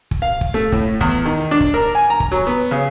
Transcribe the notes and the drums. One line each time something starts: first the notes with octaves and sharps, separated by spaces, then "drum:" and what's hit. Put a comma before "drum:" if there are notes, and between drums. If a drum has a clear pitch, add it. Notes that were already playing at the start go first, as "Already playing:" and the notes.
drum: kick
F5
drum: kick
A3
A2, drum: kick
E2, drum: kick
D#3
D4
drum: kick
A#4
G#5
A#5
drum: kick
F#3
B3
C#3